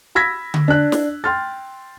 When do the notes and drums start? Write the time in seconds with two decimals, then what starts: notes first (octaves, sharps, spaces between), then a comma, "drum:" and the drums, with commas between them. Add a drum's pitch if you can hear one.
0.15 B5 E6 G#6 A#6 B6
0.54 drum: tom D3
0.68 D4 F#6
0.92 drum: snare
1.24 G5 C6 F6 A6